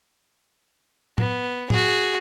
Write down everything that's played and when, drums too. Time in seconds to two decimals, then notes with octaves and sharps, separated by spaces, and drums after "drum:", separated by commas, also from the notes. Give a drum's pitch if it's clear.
1.18 B3, drum: tom A2
1.70 F#4 G#4, drum: tom A2